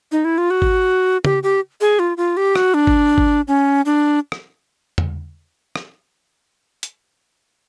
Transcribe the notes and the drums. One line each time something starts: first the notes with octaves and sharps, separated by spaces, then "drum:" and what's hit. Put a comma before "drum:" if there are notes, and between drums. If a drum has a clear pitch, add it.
D#4
E4
F4
F#4
drum: kick G#1
G4, drum: tom
G4
G#4
F4
F4
G4
F#4, drum: rim click
D4
drum: kick G#1
drum: kick G#1
C#4
D4
drum: rim click
drum: tom E2
drum: rim click
drum: hi-hat